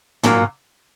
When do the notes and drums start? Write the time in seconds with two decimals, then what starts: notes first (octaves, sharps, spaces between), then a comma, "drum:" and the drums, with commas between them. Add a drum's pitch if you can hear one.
0.23 A#2 F#3 A#3, drum: tom